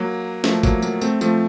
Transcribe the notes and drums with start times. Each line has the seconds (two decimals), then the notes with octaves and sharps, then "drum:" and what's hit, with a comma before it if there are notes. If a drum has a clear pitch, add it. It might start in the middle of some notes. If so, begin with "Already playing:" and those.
Already playing: F#3 A#3
0.44 F3 A3, drum: snare
0.63 F#3 A#3, drum: kick, tambourine
0.82 F#3 A#3, drum: tambourine
1.01 A3 C4, drum: tambourine
1.21 F3 A3, drum: tambourine